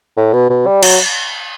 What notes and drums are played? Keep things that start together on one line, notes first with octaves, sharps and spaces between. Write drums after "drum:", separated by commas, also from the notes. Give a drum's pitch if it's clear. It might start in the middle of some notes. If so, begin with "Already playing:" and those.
A2
B2
B2
G3
F#3, drum: cymbal